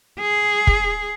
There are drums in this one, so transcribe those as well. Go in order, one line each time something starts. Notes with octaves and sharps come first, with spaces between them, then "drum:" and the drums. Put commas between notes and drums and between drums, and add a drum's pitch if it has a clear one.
G#4
drum: kick